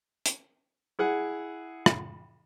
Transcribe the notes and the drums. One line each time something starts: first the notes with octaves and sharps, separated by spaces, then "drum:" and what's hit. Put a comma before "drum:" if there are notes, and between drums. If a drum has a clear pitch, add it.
drum: hi-hat
E4 G#4 F#5
drum: rim click